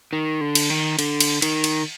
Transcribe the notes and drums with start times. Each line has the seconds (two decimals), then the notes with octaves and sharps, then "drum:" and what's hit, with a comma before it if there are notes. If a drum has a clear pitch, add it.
0.13 D#3
0.41 D3
0.55 drum: cymbal
0.70 D#3
0.99 D3, drum: cymbal
1.20 drum: cymbal
1.42 D#3, drum: cymbal
1.64 drum: cymbal